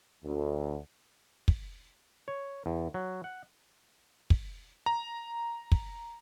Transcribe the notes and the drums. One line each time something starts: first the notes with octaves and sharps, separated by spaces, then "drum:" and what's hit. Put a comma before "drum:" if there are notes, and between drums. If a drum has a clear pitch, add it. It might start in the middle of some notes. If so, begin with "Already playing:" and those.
D2
drum: kick
C#5
E2
F#3
F#5
drum: kick
A#5
drum: kick